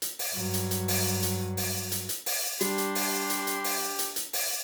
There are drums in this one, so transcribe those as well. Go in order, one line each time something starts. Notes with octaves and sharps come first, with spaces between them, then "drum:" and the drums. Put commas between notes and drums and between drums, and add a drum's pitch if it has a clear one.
drum: hi-hat
drum: open hi-hat
G2 F#3
drum: hi-hat
drum: hi-hat
drum: open hi-hat
drum: hi-hat
drum: open hi-hat
drum: hi-hat
drum: hi-hat
drum: open hi-hat
G3 D4 G4 C6, drum: hi-hat
drum: hi-hat
drum: open hi-hat
drum: hi-hat
drum: hi-hat
drum: open hi-hat
drum: hi-hat
drum: hi-hat
drum: open hi-hat